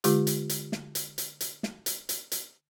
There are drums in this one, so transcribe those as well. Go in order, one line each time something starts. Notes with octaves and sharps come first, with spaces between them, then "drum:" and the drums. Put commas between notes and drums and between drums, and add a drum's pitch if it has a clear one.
D3 G#3 F4 G4, drum: hi-hat
drum: hi-hat
drum: hi-hat
drum: snare
drum: hi-hat
drum: hi-hat
drum: hi-hat
drum: snare
drum: hi-hat
drum: hi-hat
drum: hi-hat